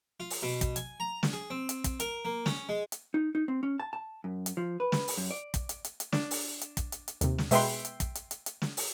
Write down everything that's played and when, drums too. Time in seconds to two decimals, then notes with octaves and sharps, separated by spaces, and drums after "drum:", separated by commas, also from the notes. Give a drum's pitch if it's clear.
0.20 F4
0.30 drum: open hi-hat
0.42 B2
0.61 drum: kick, hi-hat
0.76 G#5, drum: hi-hat
1.00 A#5
1.23 drum: snare
1.33 G#4
1.50 C4
1.69 drum: hi-hat
1.84 drum: kick, hi-hat
2.00 A#4, drum: hi-hat
2.25 A#3
2.46 C#4, drum: snare
2.69 G#3
2.92 drum: hi-hat
3.14 D#4
3.35 D#4
3.48 C4
3.63 C#4
3.80 A5
3.93 A5
4.24 F#2
4.46 drum: hi-hat
4.57 F3
4.80 B4
4.92 drum: snare
5.08 drum: open hi-hat
5.17 F#2
5.31 D5
5.54 drum: kick, hi-hat
5.69 drum: hi-hat
5.84 drum: hi-hat
6.00 drum: hi-hat
6.12 D4, drum: snare
6.31 drum: open hi-hat
6.61 drum: hi-hat
6.77 drum: kick, hi-hat
6.92 drum: hi-hat
7.08 drum: hi-hat
7.21 D#2 C3, drum: hi-hat
7.38 drum: snare
7.51 B2 G#3 B4 E5 G5 C6, drum: open hi-hat
7.85 drum: hi-hat
8.00 drum: kick, hi-hat
8.15 drum: hi-hat
8.31 drum: hi-hat
8.46 drum: hi-hat
8.62 drum: snare
8.77 drum: open hi-hat